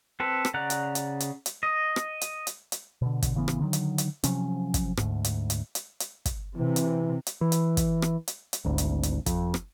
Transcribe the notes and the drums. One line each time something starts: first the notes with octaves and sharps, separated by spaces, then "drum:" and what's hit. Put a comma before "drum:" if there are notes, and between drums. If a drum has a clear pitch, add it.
C4 A4 B4
drum: rim click
C#3 D5 F#5 A#5 F#6
drum: hi-hat
drum: hi-hat
drum: hi-hat
drum: hi-hat
D#5
drum: rim click
drum: hi-hat
drum: hi-hat
drum: hi-hat
B2 D3
drum: kick, hi-hat
A1 C#3 E3 B3
drum: rim click
D3 D#3 F#3
drum: hi-hat
drum: hi-hat
C3 F3 F#3 C#4, drum: hi-hat
drum: kick, hi-hat
D2 G#2, drum: rim click
drum: hi-hat
drum: hi-hat
drum: hi-hat
drum: hi-hat
drum: kick, hi-hat
C3 E3
drum: hi-hat
drum: hi-hat
E3
drum: hi-hat
drum: kick, hi-hat
drum: rim click
drum: hi-hat
drum: hi-hat
G#1 D2
drum: hi-hat
drum: hi-hat
F2, drum: kick, hi-hat
drum: rim click